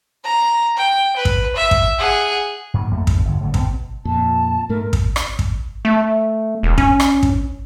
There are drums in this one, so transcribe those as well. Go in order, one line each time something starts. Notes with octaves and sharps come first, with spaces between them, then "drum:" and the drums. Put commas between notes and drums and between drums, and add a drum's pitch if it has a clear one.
A#5
G5
B4
drum: kick
E5
drum: kick
G#4 F#5
G#2 F#3 A#3
G#1 F2 A3 A#3
E2 D3, drum: kick
G1 G2 D3
A2 D3 F#3
B2 B3 C4, drum: kick
F2 A#2 A5
G#2 A3 A#4
drum: kick
drum: rim click
drum: kick
A3
E1
C#4, drum: kick
drum: rim click
drum: kick